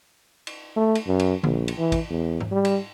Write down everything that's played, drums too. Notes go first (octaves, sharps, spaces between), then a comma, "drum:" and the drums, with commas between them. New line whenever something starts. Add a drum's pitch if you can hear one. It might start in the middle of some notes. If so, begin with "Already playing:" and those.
drum: cymbal
A3
drum: cymbal
F#2
drum: cymbal
A#1, drum: tom D3
drum: cymbal
E3
drum: kick, cymbal
E2
drum: tom G#2
G3
drum: cymbal